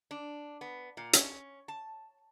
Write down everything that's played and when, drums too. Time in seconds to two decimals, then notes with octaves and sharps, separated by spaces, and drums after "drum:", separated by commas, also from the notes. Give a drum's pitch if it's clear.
0.11 D4
0.61 B3
0.97 A#2
1.13 C#4, drum: hi-hat
1.68 A5